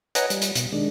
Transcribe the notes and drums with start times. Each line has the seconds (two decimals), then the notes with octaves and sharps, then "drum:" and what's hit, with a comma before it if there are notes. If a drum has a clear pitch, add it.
0.15 B4 C#5 D#5 F#5 G#5 A#5, drum: hi-hat
0.30 G3, drum: hi-hat
0.42 drum: hi-hat
0.55 B2, drum: hi-hat
0.73 D#3 G#3 D4